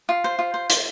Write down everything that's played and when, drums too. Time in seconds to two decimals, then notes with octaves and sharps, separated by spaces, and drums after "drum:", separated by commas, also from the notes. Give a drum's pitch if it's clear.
0.09 F4
0.24 C5
0.39 F4
0.54 C5
0.70 C5, drum: hi-hat